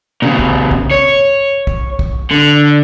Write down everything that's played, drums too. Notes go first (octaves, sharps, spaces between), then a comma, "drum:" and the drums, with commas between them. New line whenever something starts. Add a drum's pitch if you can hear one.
A#2 C#3
drum: kick
drum: kick
C#5
drum: kick
drum: kick
D3